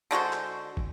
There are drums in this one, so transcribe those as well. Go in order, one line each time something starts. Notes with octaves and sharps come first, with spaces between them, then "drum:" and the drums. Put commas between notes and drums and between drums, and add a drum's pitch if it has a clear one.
D3 G#3 F#4 C5
drum: clap
drum: kick